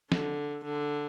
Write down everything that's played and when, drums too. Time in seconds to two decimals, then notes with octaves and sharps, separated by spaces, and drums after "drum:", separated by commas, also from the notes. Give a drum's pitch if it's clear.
0.12 D3, drum: snare
0.65 D3